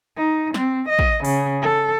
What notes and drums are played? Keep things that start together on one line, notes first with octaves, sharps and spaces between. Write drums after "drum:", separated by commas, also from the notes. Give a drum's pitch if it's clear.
D#4
C4, drum: snare
D#5
drum: kick
C#3, drum: open hi-hat
A4